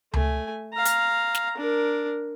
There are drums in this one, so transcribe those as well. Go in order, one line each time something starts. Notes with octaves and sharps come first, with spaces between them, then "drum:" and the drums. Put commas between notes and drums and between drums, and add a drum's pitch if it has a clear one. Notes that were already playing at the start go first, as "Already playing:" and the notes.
A3 G#5, drum: tom C#2
F5 A#5
drum: hi-hat
drum: snare
D4 A#4